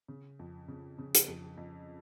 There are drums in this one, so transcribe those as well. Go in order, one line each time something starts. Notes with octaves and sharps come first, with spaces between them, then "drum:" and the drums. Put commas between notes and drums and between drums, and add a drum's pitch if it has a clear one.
C#3
F2
C#3
C#3
drum: hi-hat
F2
F2